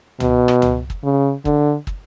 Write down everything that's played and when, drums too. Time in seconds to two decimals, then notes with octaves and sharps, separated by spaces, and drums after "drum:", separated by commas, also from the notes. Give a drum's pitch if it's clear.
0.20 B2, drum: tom
0.48 drum: rim click
0.62 drum: tom
0.90 drum: kick
1.04 C#3
1.45 D3, drum: kick
1.87 drum: kick